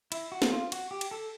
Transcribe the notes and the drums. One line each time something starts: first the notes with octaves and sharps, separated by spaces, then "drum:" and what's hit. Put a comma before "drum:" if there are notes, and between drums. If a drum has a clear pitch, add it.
E4, drum: cymbal
F#4
drum: snare
F4
F#4, drum: cymbal
G4
drum: cymbal
A4